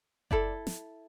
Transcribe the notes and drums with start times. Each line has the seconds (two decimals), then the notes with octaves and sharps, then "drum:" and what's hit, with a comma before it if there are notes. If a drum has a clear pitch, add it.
0.31 E4 A4 D5, drum: kick F#1
0.67 drum: snare